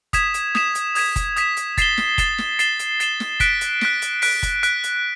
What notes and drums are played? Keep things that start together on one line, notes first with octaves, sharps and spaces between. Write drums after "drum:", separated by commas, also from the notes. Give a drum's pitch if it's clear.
D#6 G#6 B6 E7, drum: kick F#1, hi-hat
drum: hi-hat
D#6 G#6 B6 E7, drum: snare
drum: hi-hat
D#6 G#6 B6 E7, drum: open hi-hat
drum: kick F#1, hi-hat
D#6 G#6 B6 E7, drum: hi-hat
drum: hi-hat
A6 C7 E7 G7, drum: kick F#1, hi-hat
drum: snare
A6 C7 E7 G7, drum: kick F#1, hi-hat
drum: snare
A6 C7 E7 G7, drum: hi-hat
drum: hi-hat
A6 C7 E7 G7, drum: hi-hat
drum: snare
F#6 B6 D7, drum: kick F#1, hi-hat
drum: hi-hat
F#6 B6 D7, drum: snare
drum: hi-hat
F#6 B6 D7, drum: open hi-hat
drum: kick F#1, hi-hat
F#6 B6 D7, drum: hi-hat
drum: hi-hat